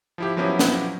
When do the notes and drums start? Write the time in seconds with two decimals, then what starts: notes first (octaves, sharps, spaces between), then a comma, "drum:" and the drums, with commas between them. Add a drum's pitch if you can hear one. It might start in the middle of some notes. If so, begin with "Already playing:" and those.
0.18 F3 E4 G4
0.37 F3 F#3 B3 C#4 E4 G4
0.59 drum: snare